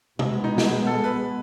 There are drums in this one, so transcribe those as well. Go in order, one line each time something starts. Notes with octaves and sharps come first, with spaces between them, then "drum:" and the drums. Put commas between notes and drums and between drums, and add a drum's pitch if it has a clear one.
B2 G#3 B3, drum: tom C3
D#4
drum: snare
A4
B4